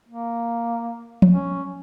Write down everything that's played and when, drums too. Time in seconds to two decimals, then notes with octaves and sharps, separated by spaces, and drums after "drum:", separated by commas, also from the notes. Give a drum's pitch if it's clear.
0.09 A#3
1.22 drum: tom F3
1.32 C#4